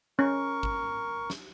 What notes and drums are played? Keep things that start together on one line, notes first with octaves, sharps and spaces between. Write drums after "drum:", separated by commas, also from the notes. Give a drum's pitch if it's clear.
C#4 A#4 C#6
drum: kick G#1
drum: snare